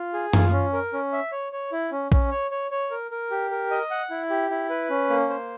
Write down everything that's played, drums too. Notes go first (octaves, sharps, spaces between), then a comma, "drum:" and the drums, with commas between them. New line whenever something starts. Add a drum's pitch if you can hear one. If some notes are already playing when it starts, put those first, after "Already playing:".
Already playing: F4
G#4
F4, drum: tom F#2
C#4
A#4
C#4
E5
C#5
C#5
E4
C#4
C#4, drum: kick A#1
C#5
C#5
C#5
A#4
A#4
G4
A#4
D#5
F#5
E4
G4
E4
B4
C#4
A#3
C5